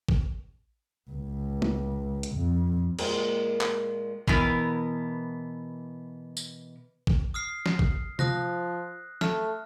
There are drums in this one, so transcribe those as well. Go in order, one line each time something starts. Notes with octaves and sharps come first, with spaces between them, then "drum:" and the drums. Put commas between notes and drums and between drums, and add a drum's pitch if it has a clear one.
drum: kick
C#2
drum: tom G#3
drum: hi-hat
F2
A#2 G#3, drum: cymbal
drum: clap
B2 E3 B3 A#4, drum: kick
drum: tambourine
drum: kick
D#6 F6 C7
drum: snare
drum: kick
F3 D#6 F#6 A#6, drum: tom C3
A3 F6, drum: snare